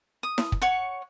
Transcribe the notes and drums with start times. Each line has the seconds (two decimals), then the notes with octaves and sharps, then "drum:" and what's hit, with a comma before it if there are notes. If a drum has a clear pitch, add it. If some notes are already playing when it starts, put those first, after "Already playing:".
0.23 D#6
0.38 drum: snare E4
0.52 drum: kick
0.62 C#5 F#5 C#6